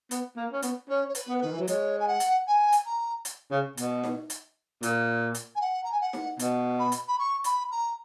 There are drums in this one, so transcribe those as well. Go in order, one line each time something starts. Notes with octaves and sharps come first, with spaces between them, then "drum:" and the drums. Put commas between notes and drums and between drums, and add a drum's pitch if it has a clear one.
B3, drum: hi-hat
A#3
C#4
B3, drum: hi-hat
C#4 C#5
C#5
B4, drum: hi-hat
B3
A#4
D#3 B4
E3
F#3
G#3 C#5, drum: hi-hat
G#5
F#5
drum: hi-hat
G#5
drum: hi-hat
A#5
drum: hi-hat
C#3
B2, drum: hi-hat
drum: snare D#4
drum: hi-hat
A#2, drum: hi-hat
drum: hi-hat
G#5
F#5
A#5
G#5
F#5
drum: snare D#4
B2, drum: hi-hat
B5
drum: hi-hat
B5
C#6
B5, drum: hi-hat
A#5